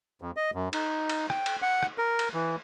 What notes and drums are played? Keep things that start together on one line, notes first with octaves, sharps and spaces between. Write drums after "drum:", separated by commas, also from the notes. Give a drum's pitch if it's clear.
F2
D#5
F#2
D#4, drum: cymbal
drum: cymbal
G5, drum: rim click
drum: cymbal
F#5
drum: rim click
A#4
drum: cymbal
E3